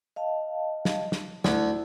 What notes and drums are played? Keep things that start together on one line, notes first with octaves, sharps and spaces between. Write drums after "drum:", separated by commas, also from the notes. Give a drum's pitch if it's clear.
D#5 F5 A5
drum: snare
drum: snare
D2 E4 A5, drum: snare